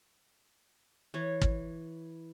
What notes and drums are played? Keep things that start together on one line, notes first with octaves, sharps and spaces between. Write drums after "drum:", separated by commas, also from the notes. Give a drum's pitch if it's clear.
E3 C#5
drum: kick